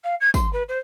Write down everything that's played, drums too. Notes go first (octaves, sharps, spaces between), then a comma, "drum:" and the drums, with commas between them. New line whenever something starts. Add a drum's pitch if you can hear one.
F5
G#6
C6, drum: kick, tambourine
B4
C5